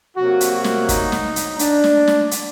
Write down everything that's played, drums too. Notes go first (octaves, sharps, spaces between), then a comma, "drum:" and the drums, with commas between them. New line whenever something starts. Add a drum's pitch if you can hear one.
C3 F#3 A#3 F#4
drum: hi-hat
F#4
drum: snare
D#4, drum: kick, hi-hat
drum: snare
drum: hi-hat
D4, drum: hi-hat
drum: snare
drum: snare
drum: hi-hat